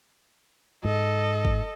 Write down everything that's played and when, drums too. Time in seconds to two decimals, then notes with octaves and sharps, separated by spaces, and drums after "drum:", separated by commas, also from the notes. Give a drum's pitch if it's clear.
0.85 G#2 A4 D#5
1.45 drum: kick